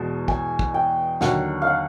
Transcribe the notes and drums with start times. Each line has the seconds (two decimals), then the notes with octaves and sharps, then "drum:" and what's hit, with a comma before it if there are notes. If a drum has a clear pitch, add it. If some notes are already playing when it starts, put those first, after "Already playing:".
Already playing: E2 B2 G#3 A5
0.28 G#5, drum: kick
0.59 drum: kick
0.74 G5
1.21 D#2 D3 F#3 F#5, drum: snare
1.62 F5
1.67 F#5